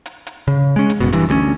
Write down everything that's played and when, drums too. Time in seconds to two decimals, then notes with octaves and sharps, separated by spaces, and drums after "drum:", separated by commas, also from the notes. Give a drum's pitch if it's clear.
0.06 drum: hi-hat
0.27 drum: hi-hat
0.48 C#3
0.76 G#3 C#4
0.89 drum: hi-hat
1.00 F#1 B2
1.13 G2 E3, drum: hi-hat
1.29 D2 G3 C#4